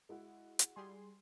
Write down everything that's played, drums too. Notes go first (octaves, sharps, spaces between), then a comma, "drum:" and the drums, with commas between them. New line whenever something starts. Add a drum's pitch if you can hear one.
G#3 E4 F#4
drum: hi-hat
G3 G#4 C6